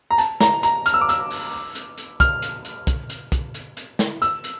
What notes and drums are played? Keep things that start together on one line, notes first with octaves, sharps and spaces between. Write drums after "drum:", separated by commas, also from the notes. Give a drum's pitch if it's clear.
A#5
A5, drum: hi-hat
A#5, drum: snare
A#5, drum: hi-hat
F6, drum: hi-hat
E6
D6
E6, drum: hi-hat
drum: open hi-hat
drum: hi-hat
drum: hi-hat
F6, drum: kick, hi-hat
drum: hi-hat
drum: hi-hat
drum: kick, hi-hat
drum: hi-hat
drum: kick, hi-hat
drum: hi-hat
drum: hi-hat
drum: snare
E6, drum: hi-hat
drum: hi-hat